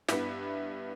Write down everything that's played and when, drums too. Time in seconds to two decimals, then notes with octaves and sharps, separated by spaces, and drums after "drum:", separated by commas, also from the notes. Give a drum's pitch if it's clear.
0.09 G2 B3 E4, drum: snare